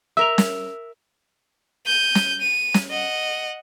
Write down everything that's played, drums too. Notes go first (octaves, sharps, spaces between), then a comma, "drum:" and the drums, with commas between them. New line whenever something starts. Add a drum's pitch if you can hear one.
A#4 E5 E6 F7
drum: snare
G6 D#7
drum: snare
D#7
drum: snare
D#5 F#5